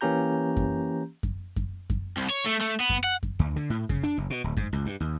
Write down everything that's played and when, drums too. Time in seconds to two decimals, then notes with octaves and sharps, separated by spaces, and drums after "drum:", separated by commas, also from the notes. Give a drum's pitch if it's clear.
0.01 E3 A#3 C#4 G4 A#5 G6
0.57 drum: kick F#2
1.23 drum: kick F#2
1.56 drum: kick F#2
1.90 drum: kick F#2
2.17 C2
2.30 C#5
2.46 A3
2.61 A3
2.80 B3
2.89 drum: kick F#2
3.04 F#5
3.23 drum: kick F#2
3.39 D2
3.56 D3
3.70 A2
3.89 C#3, drum: kick F#2
4.03 D4
4.18 F#1
4.30 B2
4.44 D1
4.57 G#2, drum: kick F#2
4.73 C#2
4.86 G2
5.00 D#2